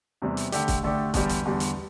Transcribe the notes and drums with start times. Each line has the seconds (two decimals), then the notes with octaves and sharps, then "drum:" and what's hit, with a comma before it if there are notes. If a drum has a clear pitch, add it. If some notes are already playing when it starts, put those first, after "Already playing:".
0.22 E2 C3 G3 D4
0.37 drum: hi-hat
0.52 D3 A3 D4 G4, drum: hi-hat
0.68 drum: kick, hi-hat
0.83 D3 A3 D4 G4
1.14 E2 D3 G3, drum: kick, hi-hat
1.29 drum: hi-hat
1.45 E2 D3 G3
1.60 drum: hi-hat